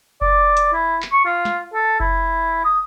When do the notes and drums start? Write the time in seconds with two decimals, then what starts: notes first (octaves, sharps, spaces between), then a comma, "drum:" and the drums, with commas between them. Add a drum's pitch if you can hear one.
0.21 D5, drum: kick F#1
0.57 drum: hi-hat
0.73 E4
1.02 drum: clap
1.13 C#6
1.25 F4
1.45 drum: snare
1.74 A4
2.00 E4, drum: kick F#1
2.64 D#6